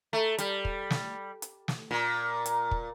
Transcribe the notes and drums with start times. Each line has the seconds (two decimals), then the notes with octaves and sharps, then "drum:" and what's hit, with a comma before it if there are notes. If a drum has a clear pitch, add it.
0.13 A3
0.38 G3, drum: hi-hat
0.65 drum: kick
0.91 drum: snare
1.42 drum: hi-hat
1.68 drum: snare
1.91 A#2
2.46 drum: hi-hat
2.71 drum: kick